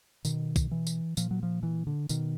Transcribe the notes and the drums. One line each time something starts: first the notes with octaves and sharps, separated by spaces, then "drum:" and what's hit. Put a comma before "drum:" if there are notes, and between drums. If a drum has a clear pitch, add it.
B2 D#3, drum: tambourine
drum: kick, tambourine
E3
drum: tambourine
A#2 F3, drum: tambourine
F#3
F3
E3
D3
B2 D#3, drum: tambourine